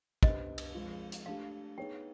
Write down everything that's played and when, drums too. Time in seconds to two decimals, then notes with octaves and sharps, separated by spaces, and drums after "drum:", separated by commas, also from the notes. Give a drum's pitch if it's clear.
0.23 B3 D4 G4 C5 D#5, drum: kick
0.58 drum: cymbal
0.74 F3 G#3 C4 F4
1.12 drum: hi-hat
1.26 A3 D4 G4 F5
1.78 B3 D#4 G#4 C#5 G5